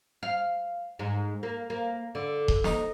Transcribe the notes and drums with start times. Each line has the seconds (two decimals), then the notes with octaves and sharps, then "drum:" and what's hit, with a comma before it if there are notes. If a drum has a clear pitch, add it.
0.23 F5
0.99 G#2
1.43 A#3
1.70 A#3
2.15 D3
2.48 drum: kick D#1
2.64 D#4, drum: snare